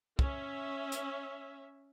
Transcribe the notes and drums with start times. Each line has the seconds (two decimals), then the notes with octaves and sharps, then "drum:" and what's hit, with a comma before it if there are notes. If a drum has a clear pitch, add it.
0.19 C#4 E5, drum: kick
0.92 drum: hi-hat